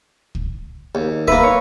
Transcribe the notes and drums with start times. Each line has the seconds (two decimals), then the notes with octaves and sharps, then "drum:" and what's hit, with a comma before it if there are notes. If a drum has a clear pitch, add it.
0.35 drum: kick
0.95 D#2
1.28 A#3 B4 E5, drum: kick
1.43 C#5